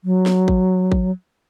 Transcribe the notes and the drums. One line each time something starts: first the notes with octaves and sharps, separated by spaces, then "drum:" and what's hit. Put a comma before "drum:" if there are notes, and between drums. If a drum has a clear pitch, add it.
F#3
drum: snare
drum: kick
drum: kick